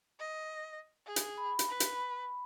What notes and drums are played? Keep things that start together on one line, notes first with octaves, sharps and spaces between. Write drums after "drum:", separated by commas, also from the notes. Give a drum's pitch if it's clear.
D#5
G#4
drum: hi-hat
B5
drum: hi-hat
B4
drum: hi-hat